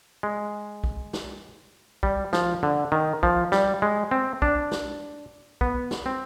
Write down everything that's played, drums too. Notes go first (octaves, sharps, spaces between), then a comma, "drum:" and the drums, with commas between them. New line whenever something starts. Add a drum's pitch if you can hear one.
G#3
drum: kick B1
drum: snare
G3, drum: kick B1
F3, drum: snare
D3
D#3
F3, drum: kick B1
G3, drum: snare
G#3
C4
D4, drum: kick B1
drum: snare
B3, drum: kick B1
drum: snare
C4